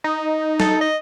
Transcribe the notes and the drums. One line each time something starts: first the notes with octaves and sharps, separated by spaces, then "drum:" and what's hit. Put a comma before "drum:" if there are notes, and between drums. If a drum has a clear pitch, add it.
D#4
A4, drum: snare
D#5